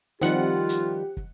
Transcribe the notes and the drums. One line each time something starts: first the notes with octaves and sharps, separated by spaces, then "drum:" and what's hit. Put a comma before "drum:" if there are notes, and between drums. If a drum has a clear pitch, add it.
D#3 F3 G3 C4 D#4 F4 G4 F#5, drum: hi-hat
drum: hi-hat
drum: kick